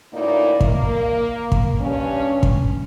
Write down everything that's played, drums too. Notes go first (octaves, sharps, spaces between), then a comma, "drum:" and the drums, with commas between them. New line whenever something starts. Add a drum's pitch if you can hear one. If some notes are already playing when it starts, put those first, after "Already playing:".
D2 A2 A#3 D#4 E4 D5
A#3, drum: kick
drum: kick
G2 C#4
drum: kick